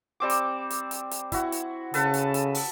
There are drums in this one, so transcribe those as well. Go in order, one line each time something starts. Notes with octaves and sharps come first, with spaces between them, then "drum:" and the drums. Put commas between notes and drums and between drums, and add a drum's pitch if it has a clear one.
G3 C4 D6
drum: hi-hat
drum: hi-hat
drum: hi-hat
drum: hi-hat
E4 F#4, drum: kick, hi-hat
drum: hi-hat
C#3 A4 B4 A5, drum: hi-hat
drum: hi-hat
drum: hi-hat
drum: open hi-hat